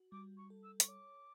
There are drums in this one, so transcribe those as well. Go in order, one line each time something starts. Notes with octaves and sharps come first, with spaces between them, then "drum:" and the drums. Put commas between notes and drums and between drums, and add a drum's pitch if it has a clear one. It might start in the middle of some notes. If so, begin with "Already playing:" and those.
Already playing: F#4
G3 D6
C#6
A4
E6
C#6, drum: hi-hat
C#5 D6